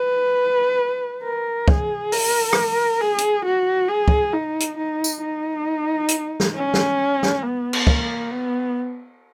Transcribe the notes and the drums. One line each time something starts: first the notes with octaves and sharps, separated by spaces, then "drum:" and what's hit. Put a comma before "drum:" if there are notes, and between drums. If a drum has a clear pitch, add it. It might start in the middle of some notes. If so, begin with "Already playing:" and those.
Already playing: B4
A#4
G#4, drum: kick
A#4, drum: open hi-hat
drum: rim click
G#4
drum: hi-hat
F#4
G#4
drum: kick
D#4
drum: hi-hat
D#4
drum: tambourine
D#4
drum: hi-hat
drum: snare
C#4
drum: snare
drum: snare
B3
drum: cymbal
A#3, drum: kick
B3